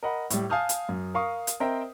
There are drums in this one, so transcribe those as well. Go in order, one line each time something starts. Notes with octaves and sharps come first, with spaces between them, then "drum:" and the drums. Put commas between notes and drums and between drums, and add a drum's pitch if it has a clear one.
A#4 D#5 F#5 B5
A2 G3, drum: hi-hat
F5 G#5 A5 D#6 F6 G6
drum: hi-hat
F#2
A#4 F5 C#6 D#6
drum: hi-hat
C4 A#4 C5 D#5 E5 G5